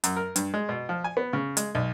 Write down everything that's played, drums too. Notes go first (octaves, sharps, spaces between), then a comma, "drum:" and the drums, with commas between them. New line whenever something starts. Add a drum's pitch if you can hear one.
F#2, drum: hi-hat
A#4
G2, drum: hi-hat
G#3
B2
F3
G#5
B3
C#3
G#3, drum: hi-hat
B1